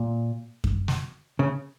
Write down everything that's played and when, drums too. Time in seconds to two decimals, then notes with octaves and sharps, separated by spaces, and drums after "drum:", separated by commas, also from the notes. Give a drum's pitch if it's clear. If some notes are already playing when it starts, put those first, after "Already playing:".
Already playing: A#2
0.64 drum: kick F#2
0.88 drum: snare
1.39 C#3